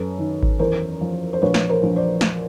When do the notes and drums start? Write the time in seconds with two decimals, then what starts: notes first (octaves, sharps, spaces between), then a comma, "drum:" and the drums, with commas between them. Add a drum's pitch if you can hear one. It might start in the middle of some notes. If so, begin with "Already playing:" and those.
Already playing: F#2 A4 B4
0.19 D#3
0.43 drum: kick G#1
0.59 E2 A#4 C5
1.01 F3
1.33 C5
1.42 A#1 B4 C#5
1.54 drum: snare
1.69 A#4 C5
1.83 A#1
1.96 C5 D5
2.21 drum: snare